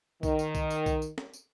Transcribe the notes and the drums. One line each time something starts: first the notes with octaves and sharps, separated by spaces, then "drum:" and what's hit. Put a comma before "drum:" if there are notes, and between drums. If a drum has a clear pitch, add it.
D#3, drum: kick B1, tambourine
drum: tambourine
drum: kick B1, tambourine
drum: tambourine
drum: kick B1, tambourine
drum: tambourine
drum: snare
drum: tambourine